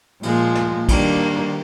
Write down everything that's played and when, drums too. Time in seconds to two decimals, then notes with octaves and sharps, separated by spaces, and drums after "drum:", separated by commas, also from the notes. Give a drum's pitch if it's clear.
0.23 A#2 F3 G#3, drum: cymbal
0.55 drum: snare
0.89 D#3 G3 A#3 D4, drum: kick, cymbal